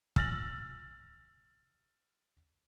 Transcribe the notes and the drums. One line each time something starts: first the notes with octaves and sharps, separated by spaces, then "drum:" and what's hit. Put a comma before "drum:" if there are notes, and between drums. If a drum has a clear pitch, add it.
E6 F6 A6 A#6 F#7, drum: kick